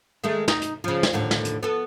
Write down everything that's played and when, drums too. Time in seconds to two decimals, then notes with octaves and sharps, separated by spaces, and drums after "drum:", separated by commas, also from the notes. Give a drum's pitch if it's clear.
0.24 D#3 G#3 A3
0.48 D#4, drum: snare
0.62 drum: hi-hat
0.84 C#3 F3
1.03 drum: snare
1.13 D#2 A2 D3
1.31 drum: snare
1.45 drum: hi-hat
1.63 B3 A4